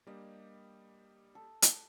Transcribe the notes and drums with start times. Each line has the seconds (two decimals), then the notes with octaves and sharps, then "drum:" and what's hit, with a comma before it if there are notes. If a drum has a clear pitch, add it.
0.07 G3 A#3 D4 G4 D#5
1.35 A4
1.62 drum: hi-hat